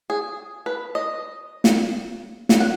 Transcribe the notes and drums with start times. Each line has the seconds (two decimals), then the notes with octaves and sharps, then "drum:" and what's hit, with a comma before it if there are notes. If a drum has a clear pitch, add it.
0.10 G#4
0.66 B4
0.95 D#5
1.64 drum: snare
2.49 drum: snare
2.60 F#5